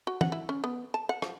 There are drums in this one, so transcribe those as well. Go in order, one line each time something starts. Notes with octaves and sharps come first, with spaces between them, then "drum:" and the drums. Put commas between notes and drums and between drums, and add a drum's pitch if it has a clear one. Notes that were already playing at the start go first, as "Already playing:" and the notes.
F#4
F#5, drum: tom
E4
C#4
B3
A5
F#5
F3, drum: rim click